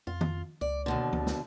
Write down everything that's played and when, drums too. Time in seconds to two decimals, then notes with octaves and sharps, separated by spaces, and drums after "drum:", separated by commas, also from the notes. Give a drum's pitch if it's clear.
0.07 F2 F4
0.21 drum: tom D#3
0.61 C#2 D5
0.86 D#2 B2 D3
1.13 D2, drum: tom
1.27 drum: snare